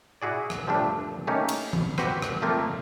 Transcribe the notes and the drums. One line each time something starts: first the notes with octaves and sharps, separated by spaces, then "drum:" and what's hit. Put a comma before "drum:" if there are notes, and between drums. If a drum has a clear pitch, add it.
E4 F#4 G#4 D5
drum: rim click
F3 G3 A3 D4
A3 A#3 C#4 D#4 G4
drum: cymbal
drum: tom E3
F#4 G4 B4 C5, drum: rim click
drum: rim click
F3 A3 A#3 C4